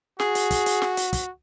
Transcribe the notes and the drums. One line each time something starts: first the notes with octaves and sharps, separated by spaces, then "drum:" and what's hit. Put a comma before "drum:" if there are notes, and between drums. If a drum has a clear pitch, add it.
F#4 G#4, drum: snare
drum: hi-hat
drum: kick, hi-hat
drum: hi-hat
drum: snare
drum: hi-hat
drum: kick, hi-hat